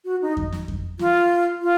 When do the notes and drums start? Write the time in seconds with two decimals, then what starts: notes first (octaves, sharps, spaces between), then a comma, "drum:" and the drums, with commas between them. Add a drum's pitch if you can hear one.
0.05 F#4
0.22 D#4
0.37 drum: kick F2
0.52 drum: snare
0.68 drum: kick F2
0.99 F4, drum: snare
1.62 F4